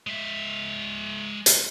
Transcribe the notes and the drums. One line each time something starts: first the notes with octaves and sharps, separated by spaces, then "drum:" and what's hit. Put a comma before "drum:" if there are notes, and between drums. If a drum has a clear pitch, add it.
G#3 E5
drum: hi-hat